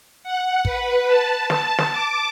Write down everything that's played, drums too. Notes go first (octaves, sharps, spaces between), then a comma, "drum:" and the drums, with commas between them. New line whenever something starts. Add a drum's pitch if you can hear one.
F#5
B4, drum: kick
A5
A5, drum: snare
drum: snare
D6